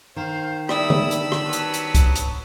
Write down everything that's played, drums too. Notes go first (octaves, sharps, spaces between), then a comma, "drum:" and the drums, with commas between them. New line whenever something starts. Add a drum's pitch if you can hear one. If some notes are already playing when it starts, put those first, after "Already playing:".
D#3 C5 F5
G3 D4 E4 B5 D#6 E6, drum: rim click
drum: tom D3
drum: hi-hat
drum: rim click
F#3 B3 A5
drum: hi-hat
drum: hi-hat
drum: kick, hi-hat
drum: hi-hat